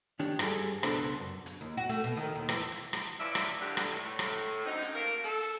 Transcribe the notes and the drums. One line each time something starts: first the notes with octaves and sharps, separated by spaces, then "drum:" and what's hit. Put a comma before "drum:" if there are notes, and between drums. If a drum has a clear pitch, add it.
D#3 D4 G4 C#5, drum: hi-hat
G2 G3 G#4 A4, drum: rim click
drum: hi-hat
C#2 B2 D4 A4 C5 B5, drum: rim click
drum: hi-hat
F#2
drum: hi-hat
D#2
F#4
A3, drum: hi-hat
B2
D#3
D#2
E3, drum: rim click
drum: hi-hat
drum: rim click
E3 F3 C#4 E4 D5 E5
drum: rim click
G2 D3
drum: rim click
A2
drum: rim click
drum: hi-hat
F#2 D3 C4 D#4
drum: hi-hat
A3 A#3 A#4
A4, drum: hi-hat